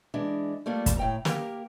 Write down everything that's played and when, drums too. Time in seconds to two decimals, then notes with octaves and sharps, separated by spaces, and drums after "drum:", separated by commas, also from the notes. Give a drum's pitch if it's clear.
0.14 E3 G#3 D4
0.66 G3 A3 A#3 F4 A4
0.86 drum: kick, hi-hat
0.97 A2 G5 A#5
1.25 A#3 G4 A#4, drum: snare